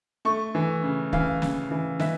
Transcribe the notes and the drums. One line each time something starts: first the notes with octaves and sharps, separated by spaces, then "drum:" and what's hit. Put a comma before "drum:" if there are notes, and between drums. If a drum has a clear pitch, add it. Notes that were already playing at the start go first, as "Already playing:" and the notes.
A3 C#6
E3
C#3
E3 F5, drum: kick
C#3, drum: snare
E3
E3 E5, drum: snare